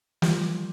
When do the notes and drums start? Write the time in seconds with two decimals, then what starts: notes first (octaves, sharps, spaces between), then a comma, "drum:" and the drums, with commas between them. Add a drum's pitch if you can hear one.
0.22 F3 G3, drum: snare